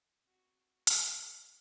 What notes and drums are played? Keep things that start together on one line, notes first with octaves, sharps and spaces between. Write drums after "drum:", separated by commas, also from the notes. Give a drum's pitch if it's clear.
C4 F#4
F#4
drum: hi-hat
A#3